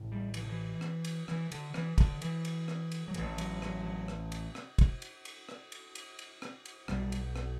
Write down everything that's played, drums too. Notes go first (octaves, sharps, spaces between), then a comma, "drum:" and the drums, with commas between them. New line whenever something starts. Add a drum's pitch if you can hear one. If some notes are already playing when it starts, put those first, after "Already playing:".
Already playing: A1 A2
G3
E3, drum: cymbal
D3
E3
drum: rim click
drum: cymbal
E3, drum: rim click
D3, drum: cymbal
E3, drum: rim click
D3, drum: kick, cymbal
E3, drum: cymbal
drum: cymbal
drum: rim click
drum: cymbal
F#3
A1 A2 E3, drum: cymbal
F#3, drum: cymbal
F#3, drum: rim click
F#3
drum: rim click
drum: cymbal
drum: rim click
drum: kick, cymbal
drum: cymbal
drum: cymbal
drum: rim click
drum: cymbal
drum: cymbal
drum: cymbal
drum: rim click
drum: cymbal
B1 B2 G3, drum: rim click
drum: cymbal
drum: rim click